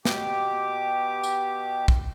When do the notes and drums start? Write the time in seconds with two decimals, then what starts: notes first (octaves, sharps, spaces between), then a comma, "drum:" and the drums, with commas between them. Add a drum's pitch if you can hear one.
0.05 B2 G4 D6, drum: snare
1.24 drum: tambourine
1.88 drum: kick